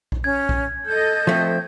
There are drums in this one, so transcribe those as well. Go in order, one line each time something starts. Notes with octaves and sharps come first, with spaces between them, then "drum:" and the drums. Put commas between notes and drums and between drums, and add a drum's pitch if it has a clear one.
drum: kick B1
C#4 G#6
drum: kick B1
A4 D#5 G6
F3 A3 C4